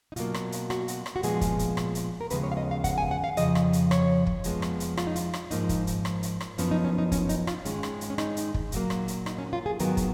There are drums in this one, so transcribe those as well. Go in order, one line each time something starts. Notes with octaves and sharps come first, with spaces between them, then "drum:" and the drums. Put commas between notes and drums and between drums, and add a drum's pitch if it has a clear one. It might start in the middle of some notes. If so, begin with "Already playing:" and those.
D#4
B2 F#3 A#3 F4, drum: hi-hat
drum: rim click
drum: hi-hat
F#4, drum: rim click
drum: hi-hat
drum: rim click
F#4
A#2 F3 G#3 B3 G#4, drum: hi-hat
drum: kick, hi-hat
drum: hi-hat
drum: rim click
drum: hi-hat
A#4
D#2 C#3 F3 G#3 B3 B4, drum: hi-hat
C#5
F5
D#5
F5
F#5, drum: kick, hi-hat
G#5
F#5
F5
F2 C#3 F3 D#5, drum: hi-hat
drum: rim click
drum: hi-hat
C#5, drum: rim click
drum: kick
F2 F3 G#3 B3, drum: hi-hat
drum: rim click
drum: hi-hat
F4, drum: rim click
D#4
F4, drum: hi-hat
drum: rim click
G#2 F3 A#3 D#4, drum: hi-hat
drum: kick, hi-hat
drum: hi-hat
drum: rim click
drum: hi-hat
drum: rim click
F#2 F3 B3 C#4, drum: hi-hat
D#4
C#4
D#4
C#4, drum: kick, hi-hat
D#4, drum: hi-hat
F4, drum: rim click
G#2 D#3 G#3 C#4, drum: hi-hat
drum: rim click
drum: hi-hat
C#4
D#4, drum: rim click
drum: hi-hat
drum: kick
A#2 F#3 A#3, drum: hi-hat
drum: rim click
drum: hi-hat
D#4, drum: rim click
C#4
F4
G#4
G#2 D#3 F#3 B3 A#4, drum: hi-hat
drum: kick, hi-hat